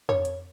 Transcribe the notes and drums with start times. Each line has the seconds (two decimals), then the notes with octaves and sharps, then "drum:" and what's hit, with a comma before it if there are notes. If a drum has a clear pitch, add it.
0.09 C#5, drum: tom F2
0.25 drum: hi-hat